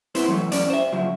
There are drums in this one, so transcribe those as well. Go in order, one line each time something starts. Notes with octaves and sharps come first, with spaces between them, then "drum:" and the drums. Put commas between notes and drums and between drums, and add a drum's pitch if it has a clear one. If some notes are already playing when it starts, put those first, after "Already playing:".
B3 C4 E4 C5, drum: hi-hat
E3 F#3 A3
E2 C#4 D5, drum: hi-hat
C5 E5
C#3 F3 F#3